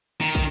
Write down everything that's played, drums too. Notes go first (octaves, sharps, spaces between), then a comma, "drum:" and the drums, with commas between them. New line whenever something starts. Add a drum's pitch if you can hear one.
D#3
drum: kick